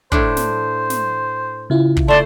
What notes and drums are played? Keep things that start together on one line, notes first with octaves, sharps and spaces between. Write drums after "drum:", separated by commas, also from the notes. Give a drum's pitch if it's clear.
A2 A3 D4 C5, drum: kick
drum: snare
drum: snare
C#3 E4 F4
drum: kick
A3 C5 D5 A5 C6